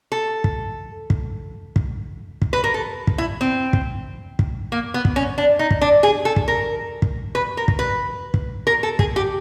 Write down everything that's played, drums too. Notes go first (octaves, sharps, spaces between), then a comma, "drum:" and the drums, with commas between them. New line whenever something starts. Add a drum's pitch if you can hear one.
A4
drum: kick
drum: kick
drum: kick
drum: kick
B4
A#4
A4
drum: kick
E4
C4
drum: kick
drum: kick
A#3
B3
drum: kick
C#4
D4
D#4
drum: kick
D4
G#4
A4
drum: kick
A#4
drum: kick
B4
A#4
drum: kick
B4
drum: kick
A#4
A4
G#4, drum: kick
G4